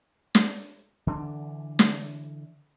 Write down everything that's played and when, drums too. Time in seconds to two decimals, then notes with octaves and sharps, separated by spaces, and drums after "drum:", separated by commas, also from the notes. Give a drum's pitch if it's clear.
0.35 drum: snare
1.07 D3 E3 D4
1.79 drum: snare